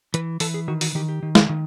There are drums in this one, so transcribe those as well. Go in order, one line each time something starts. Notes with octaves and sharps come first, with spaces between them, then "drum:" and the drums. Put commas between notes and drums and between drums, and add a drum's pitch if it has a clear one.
E3 B4, drum: hi-hat
E3 A4, drum: open hi-hat
G#4
D#3 F#4
F#4, drum: open hi-hat
D#3 G4
G4
D#3
drum: snare
D#3